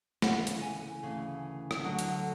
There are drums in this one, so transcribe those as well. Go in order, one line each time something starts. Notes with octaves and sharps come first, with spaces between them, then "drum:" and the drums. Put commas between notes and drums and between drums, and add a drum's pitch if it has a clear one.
D2 C#3 E3 F#5, drum: snare
drum: hi-hat
G#5
D2 C#3 E3
drum: rim click
D2 D3 F#3
drum: hi-hat